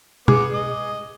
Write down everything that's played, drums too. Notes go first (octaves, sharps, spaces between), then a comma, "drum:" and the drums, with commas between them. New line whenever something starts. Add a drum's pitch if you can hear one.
B3 G#4 D6, drum: tom
D#5